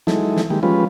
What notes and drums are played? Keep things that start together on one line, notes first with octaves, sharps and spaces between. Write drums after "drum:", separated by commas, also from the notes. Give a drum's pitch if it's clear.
E3 F#3 G#3 D#4 E4 A4, drum: snare
drum: snare
D#3 G#3 A#3 G4
F3 G3 G#3 C#4 F4 B4